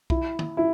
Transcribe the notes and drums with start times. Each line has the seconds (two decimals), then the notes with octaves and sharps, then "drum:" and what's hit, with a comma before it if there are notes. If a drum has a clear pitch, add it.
0.10 E4, drum: kick
0.39 drum: tom
0.57 E4